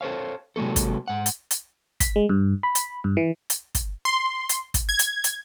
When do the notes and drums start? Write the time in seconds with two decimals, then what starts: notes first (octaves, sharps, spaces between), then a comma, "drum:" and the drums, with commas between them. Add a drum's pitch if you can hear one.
0.01 A4 C5 C#5 F5
0.56 C3 F#3 G#3 A#3 A4
0.76 drum: kick, hi-hat
1.08 G#2 F#5
1.26 drum: hi-hat
1.51 drum: hi-hat
2.00 B6, drum: kick, hi-hat
2.16 G#3
2.29 G2
2.63 B5
2.75 drum: hi-hat
3.04 G2
3.17 E3
3.50 drum: hi-hat
3.75 drum: kick, hi-hat
4.05 C6
4.49 drum: hi-hat
4.74 drum: kick, hi-hat
4.89 G#6
4.99 drum: hi-hat
5.24 drum: hi-hat